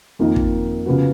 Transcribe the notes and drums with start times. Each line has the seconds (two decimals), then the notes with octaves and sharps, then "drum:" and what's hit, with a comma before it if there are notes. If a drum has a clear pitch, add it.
0.19 F2 D#3 A#3 D#4
0.36 drum: kick
0.86 C#3 F3 B3 F#4